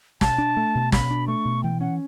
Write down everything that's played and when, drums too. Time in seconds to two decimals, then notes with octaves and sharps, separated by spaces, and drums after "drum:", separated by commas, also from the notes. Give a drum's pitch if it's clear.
0.21 B2 A5, drum: snare
0.38 D4
0.57 A3
0.75 B2
0.92 B2 B5, drum: snare
1.11 D4
1.28 A3 C#6
1.45 B2
1.63 E3 G5
1.81 C#4 F#5